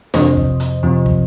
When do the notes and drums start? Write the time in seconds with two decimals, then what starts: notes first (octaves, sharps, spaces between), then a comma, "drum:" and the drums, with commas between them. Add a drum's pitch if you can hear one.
0.14 F2 C3 F3 C5 D#5, drum: snare
0.37 drum: kick
0.60 drum: hi-hat
0.83 F2 C3 F3
1.06 drum: kick